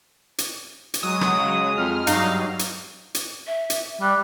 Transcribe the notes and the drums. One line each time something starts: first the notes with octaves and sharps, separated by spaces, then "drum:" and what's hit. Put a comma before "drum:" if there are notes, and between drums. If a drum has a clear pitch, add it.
drum: hi-hat
drum: hi-hat
F#3 G#3 D#6
drum: rim click
C#3
F2 F6
G2 F#3 D#4 D#5 F5, drum: hi-hat
drum: hi-hat
drum: hi-hat
E5
drum: hi-hat
G3 F#6